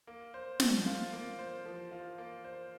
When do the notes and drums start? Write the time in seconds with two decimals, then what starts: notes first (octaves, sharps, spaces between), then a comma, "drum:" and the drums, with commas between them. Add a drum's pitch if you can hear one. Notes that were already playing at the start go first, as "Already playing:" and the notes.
0.07 A#3
0.34 C5
0.60 F3, drum: snare
0.86 F4
1.13 A#3
1.39 C5
1.65 F3
1.91 F4
2.18 A#3
2.44 C5